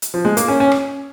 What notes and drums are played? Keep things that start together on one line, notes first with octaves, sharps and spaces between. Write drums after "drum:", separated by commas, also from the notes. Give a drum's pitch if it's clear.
drum: hi-hat
F3
G#3
A#3, drum: hi-hat
C#4
C#4
drum: rim click